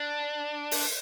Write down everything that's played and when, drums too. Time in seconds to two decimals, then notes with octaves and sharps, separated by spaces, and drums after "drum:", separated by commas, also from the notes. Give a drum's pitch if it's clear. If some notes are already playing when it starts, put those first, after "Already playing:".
Already playing: D4
0.71 drum: open hi-hat